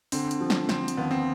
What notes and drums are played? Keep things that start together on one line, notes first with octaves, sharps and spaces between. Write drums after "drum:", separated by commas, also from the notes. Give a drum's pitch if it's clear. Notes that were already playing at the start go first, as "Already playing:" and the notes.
D3 C4, drum: open hi-hat
drum: hi-hat
F3
drum: snare
D3 C4, drum: snare
drum: hi-hat
D#2 B3
C4